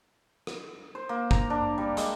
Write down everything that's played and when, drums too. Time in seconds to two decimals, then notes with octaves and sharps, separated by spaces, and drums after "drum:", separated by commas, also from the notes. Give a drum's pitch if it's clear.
0.47 drum: rim click
0.95 C5
1.09 A#3
1.31 A#5, drum: kick
1.50 D4
1.78 G3
1.97 G#3, drum: hi-hat